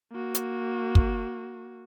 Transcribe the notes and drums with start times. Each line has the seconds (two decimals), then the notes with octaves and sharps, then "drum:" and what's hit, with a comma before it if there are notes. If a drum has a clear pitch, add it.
0.12 A#3 F#4
0.35 drum: hi-hat
0.95 drum: kick